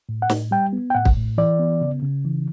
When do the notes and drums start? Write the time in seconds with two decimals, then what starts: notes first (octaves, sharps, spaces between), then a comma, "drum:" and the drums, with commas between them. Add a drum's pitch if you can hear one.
0.09 A2
0.22 F#5
0.30 A2, drum: snare
0.51 G3 G5
0.73 B3
0.90 G5
0.95 A2 F#5
1.05 drum: kick
1.17 A2
1.38 E3 D5
1.59 B3
1.81 C#3
2.03 C#3
2.25 E3